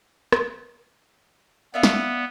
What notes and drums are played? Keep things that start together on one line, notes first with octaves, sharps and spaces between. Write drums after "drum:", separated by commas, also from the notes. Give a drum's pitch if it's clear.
drum: rim click
B3 D5 E5 F5
drum: snare